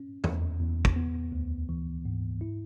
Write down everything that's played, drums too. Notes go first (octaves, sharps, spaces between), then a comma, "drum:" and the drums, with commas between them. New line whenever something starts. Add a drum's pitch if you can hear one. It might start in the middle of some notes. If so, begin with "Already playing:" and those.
Already playing: C#4
E2, drum: tom
E2
drum: kick
B3
D2
E3
G#2
E4